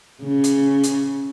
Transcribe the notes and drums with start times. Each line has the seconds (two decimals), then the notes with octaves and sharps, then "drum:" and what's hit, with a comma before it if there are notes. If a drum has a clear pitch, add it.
0.24 C#3
0.44 drum: hi-hat
0.84 drum: hi-hat